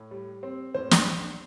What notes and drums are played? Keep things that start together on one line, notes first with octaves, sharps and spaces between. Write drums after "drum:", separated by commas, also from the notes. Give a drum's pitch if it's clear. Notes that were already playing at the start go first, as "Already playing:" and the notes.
Already playing: A2
G3
C4
A2 C5
drum: snare